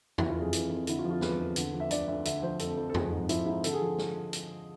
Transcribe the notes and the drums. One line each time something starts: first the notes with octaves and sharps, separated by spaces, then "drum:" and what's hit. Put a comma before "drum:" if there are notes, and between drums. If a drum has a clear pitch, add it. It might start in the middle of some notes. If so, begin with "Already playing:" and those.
E3 E4, drum: tom E2
F4
F2
G#4
E3, drum: hi-hat
F2
D3 E4, drum: hi-hat
F4
F3
F4
E2 B4, drum: snare
E2
D3, drum: hi-hat
F3
E5
D2 D5, drum: hi-hat
D2 E5
D3 E5, drum: hi-hat
F3 C5
F2 A4, drum: hi-hat
F2
A4
F3 G#4, drum: tom E2
G#2
F3 E4, drum: hi-hat
G#2 E4
D3 A4, drum: hi-hat
G#4
F3 A4
drum: snare
drum: hi-hat